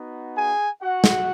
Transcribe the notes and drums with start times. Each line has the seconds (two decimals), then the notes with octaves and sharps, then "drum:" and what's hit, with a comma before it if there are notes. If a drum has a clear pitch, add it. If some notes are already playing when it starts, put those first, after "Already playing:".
Already playing: B3 D#4 F#4
0.36 G#4 G#5
0.81 F#4 F#5
1.04 drum: snare